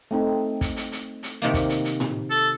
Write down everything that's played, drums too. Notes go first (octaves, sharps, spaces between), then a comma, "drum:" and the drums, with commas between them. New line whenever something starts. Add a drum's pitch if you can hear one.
A3 C4 D#4
drum: kick, hi-hat
drum: hi-hat
drum: hi-hat
drum: hi-hat
C3 D#3 A#3
drum: kick, hi-hat
drum: hi-hat
drum: hi-hat
drum: tom A2
A4